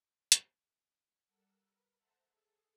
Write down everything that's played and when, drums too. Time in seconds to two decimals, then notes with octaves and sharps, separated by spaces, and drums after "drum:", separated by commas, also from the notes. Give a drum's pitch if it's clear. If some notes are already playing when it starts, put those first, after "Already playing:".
0.32 drum: hi-hat
1.26 G3 A4 A#4 F#5 E6
1.62 A#4 B4
1.94 A4 C5 E5 F#5 A5 A#5
2.24 G#4 A4